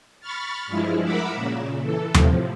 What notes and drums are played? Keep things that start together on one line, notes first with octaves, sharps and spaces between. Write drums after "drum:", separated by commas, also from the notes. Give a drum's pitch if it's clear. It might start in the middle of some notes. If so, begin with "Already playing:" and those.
B5 C#6 F6 A6
G2 F3 G#3 E4
A#4 E5 F#5 B5 D6 E6
A#2 C#3
E3 A4
A2 C3 F3, drum: tom D#2